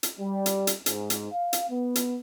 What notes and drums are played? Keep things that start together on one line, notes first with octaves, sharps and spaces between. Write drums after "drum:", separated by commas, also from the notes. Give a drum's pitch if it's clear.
drum: hi-hat
G3
drum: hi-hat
drum: hi-hat
G#2, drum: hi-hat
drum: hi-hat
F5
drum: hi-hat
B3
drum: hi-hat